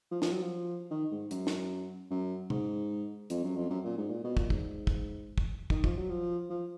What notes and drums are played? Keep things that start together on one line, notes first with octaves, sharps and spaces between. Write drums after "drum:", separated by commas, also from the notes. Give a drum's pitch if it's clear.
F3
F3, drum: snare
F#3
F3
D#3
G#2
F#2, drum: hi-hat
drum: snare
F#2
G#2, drum: tom
F2, drum: hi-hat
F#2
F2
F#2
A#2
G#2
A#2
B2
A#2, drum: kick
G#2, drum: kick
drum: kick
drum: kick
D#3, drum: kick
F3, drum: kick
F#3
F3
F3